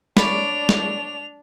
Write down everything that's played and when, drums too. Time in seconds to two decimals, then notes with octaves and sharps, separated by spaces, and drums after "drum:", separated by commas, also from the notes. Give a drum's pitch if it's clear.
0.17 D4 C#5 D5 B5 F7, drum: snare
0.69 drum: snare